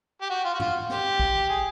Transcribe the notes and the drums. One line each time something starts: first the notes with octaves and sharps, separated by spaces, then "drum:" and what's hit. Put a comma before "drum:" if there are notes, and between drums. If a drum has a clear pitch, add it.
G4
F#4
F4
F#4
F4, drum: tom
G4, drum: snare
drum: kick
G#4